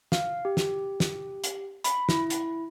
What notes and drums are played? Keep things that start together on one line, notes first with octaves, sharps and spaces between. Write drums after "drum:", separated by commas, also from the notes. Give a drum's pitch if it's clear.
F5, drum: snare
G4
drum: snare
drum: snare
drum: hi-hat
B5, drum: hi-hat
E4, drum: snare
drum: hi-hat